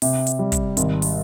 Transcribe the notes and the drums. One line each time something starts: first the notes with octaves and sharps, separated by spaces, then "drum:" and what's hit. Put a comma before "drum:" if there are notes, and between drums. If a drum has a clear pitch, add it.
C3, drum: open hi-hat
drum: hi-hat
G3
drum: kick, hi-hat
G#1, drum: hi-hat
drum: open hi-hat